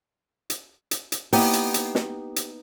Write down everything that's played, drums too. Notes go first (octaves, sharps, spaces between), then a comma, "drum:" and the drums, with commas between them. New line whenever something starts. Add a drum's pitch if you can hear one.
drum: hi-hat
drum: hi-hat
drum: hi-hat
A#3 B3 D#4 E4 G4, drum: open hi-hat
drum: hi-hat
drum: hi-hat
drum: snare
drum: hi-hat